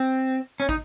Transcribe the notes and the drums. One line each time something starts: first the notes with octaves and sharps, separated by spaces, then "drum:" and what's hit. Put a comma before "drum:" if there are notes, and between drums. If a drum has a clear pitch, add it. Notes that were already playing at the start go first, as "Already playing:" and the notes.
Already playing: C4
C#4
D#4, drum: kick